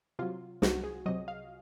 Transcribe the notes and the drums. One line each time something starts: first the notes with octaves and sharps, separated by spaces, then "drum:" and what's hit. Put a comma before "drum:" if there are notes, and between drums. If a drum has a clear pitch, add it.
C3 F#3 F4
C2 F#4, drum: snare
G#4
C3 F#3 D#5
F5